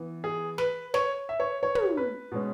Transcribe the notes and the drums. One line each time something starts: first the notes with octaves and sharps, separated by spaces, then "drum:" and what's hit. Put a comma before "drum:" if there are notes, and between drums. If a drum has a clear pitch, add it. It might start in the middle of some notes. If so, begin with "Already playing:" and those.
Already playing: E3 B3
G#4
B4, drum: snare
C#5, drum: snare
E5
C#5
C#5
drum: tom
B4
B2 G#3 C#4